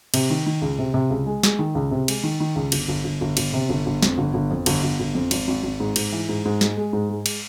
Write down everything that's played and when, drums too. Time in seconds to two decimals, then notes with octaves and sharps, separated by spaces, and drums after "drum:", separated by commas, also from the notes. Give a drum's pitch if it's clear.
0.14 C3, drum: cymbal
0.30 D#3
0.46 D#3
0.62 C#2
0.79 C3
0.94 C3
1.10 C#2
1.26 G#3
1.43 G#3, drum: snare
1.59 D#3
1.75 C#2
1.91 C3
2.08 G#3, drum: cymbal
2.23 D#3
2.40 D#3
2.56 C#2
2.72 G1, drum: cymbal
2.88 G1
3.04 G1
3.21 G1
3.37 G1, drum: cymbal
3.54 C3
3.69 G1
3.86 G1
4.03 F2, drum: snare
4.18 G1
4.34 G1
4.51 F2
4.66 G1, drum: cymbal
4.83 G1
5.00 G1
5.15 F2
5.31 G#1, drum: cymbal
5.48 G#1
5.64 G#1
5.80 G#2
5.96 G#2, drum: cymbal
6.12 E3
6.29 G#2
6.45 G#2
6.61 G#3, drum: snare
6.77 G#3
6.93 G#2
7.10 G#3
7.26 drum: cymbal